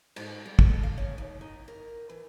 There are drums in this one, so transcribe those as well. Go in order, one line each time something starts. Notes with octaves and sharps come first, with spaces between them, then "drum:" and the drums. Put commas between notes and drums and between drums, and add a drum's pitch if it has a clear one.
G#2, drum: cymbal
G3
A4, drum: kick
F5
C#4
D#2
D#4
A#4
E3